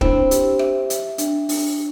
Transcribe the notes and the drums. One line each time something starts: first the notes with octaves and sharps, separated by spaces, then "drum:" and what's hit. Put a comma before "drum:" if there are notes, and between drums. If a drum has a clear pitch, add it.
C4 D4 E4, drum: kick
G4, drum: hi-hat
E5, drum: rim click
E5, drum: hi-hat
D4, drum: hi-hat
D4, drum: open hi-hat